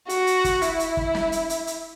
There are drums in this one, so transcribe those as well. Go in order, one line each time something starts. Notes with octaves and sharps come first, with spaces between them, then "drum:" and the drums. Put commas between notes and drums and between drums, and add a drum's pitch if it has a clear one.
F#4, drum: hi-hat
drum: hi-hat
drum: kick, hi-hat
E4, drum: hi-hat
drum: hi-hat
drum: kick
drum: snare
drum: hi-hat
drum: hi-hat
drum: hi-hat